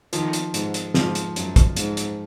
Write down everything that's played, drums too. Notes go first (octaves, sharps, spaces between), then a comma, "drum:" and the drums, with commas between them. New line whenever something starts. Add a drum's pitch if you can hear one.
D#3 F3, drum: hi-hat
drum: hi-hat
G#2, drum: hi-hat
drum: hi-hat
G#2 F3, drum: snare
drum: hi-hat
F#2, drum: hi-hat
drum: kick, hi-hat
G#2, drum: hi-hat
drum: hi-hat